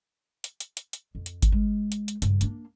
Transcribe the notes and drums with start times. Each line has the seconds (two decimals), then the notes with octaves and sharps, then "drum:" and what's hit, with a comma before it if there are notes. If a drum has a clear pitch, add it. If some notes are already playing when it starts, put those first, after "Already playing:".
0.44 drum: hi-hat
0.61 drum: hi-hat
0.77 drum: hi-hat
0.93 drum: hi-hat
1.15 F2
1.26 drum: hi-hat
1.42 drum: kick G#1, hi-hat
1.52 G#3
1.92 drum: hi-hat
2.08 drum: hi-hat
2.22 G2 C#3, drum: hi-hat
2.41 A#3 D4, drum: hi-hat